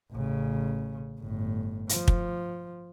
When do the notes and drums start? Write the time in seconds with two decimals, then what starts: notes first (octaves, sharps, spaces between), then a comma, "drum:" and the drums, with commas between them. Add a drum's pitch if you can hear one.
0.12 A1 C#3
1.19 G1 A2
1.89 F3, drum: hi-hat
2.08 drum: kick